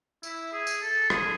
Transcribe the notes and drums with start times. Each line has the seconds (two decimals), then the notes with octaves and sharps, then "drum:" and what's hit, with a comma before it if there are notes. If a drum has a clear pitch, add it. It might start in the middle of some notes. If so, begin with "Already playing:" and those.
0.23 E4, drum: tambourine
0.52 G#4
0.67 drum: tambourine
0.81 A4
1.10 G#4, drum: rim click